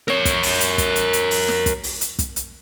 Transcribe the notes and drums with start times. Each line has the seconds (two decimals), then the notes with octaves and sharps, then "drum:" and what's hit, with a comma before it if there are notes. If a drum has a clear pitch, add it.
0.08 A#4 C#5, drum: snare
0.25 drum: kick, hi-hat
0.43 drum: open hi-hat
0.61 drum: hi-hat
0.78 drum: kick, hi-hat
0.96 drum: hi-hat
1.13 drum: hi-hat
1.31 drum: open hi-hat
1.48 drum: snare
1.66 drum: kick, hi-hat
1.83 drum: open hi-hat
2.01 drum: hi-hat
2.19 drum: kick, hi-hat
2.36 drum: hi-hat